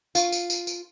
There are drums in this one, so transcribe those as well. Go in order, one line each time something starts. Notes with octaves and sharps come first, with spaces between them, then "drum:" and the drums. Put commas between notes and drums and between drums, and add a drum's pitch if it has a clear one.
F4, drum: tambourine
drum: tambourine
drum: tambourine
drum: tambourine